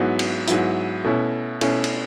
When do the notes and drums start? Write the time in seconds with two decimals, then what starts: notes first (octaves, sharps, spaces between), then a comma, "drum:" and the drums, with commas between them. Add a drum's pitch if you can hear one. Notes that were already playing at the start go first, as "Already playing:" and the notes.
Already playing: G#2 F#3 B3 E4
0.19 drum: cymbal
0.47 G#2 F#3 B3 E4, drum: hi-hat
1.04 B2 A3 C#4 E4
1.61 B2 A3 C#4 E4, drum: cymbal
1.84 drum: cymbal